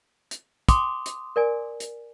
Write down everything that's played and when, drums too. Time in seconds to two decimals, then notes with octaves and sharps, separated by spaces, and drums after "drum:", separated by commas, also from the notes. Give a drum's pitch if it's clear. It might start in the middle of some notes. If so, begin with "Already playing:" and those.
0.31 drum: hi-hat
0.69 G5 C6 D6 D#6, drum: kick, hi-hat
1.06 drum: hi-hat
1.36 A#4 D5 G#5
1.80 drum: hi-hat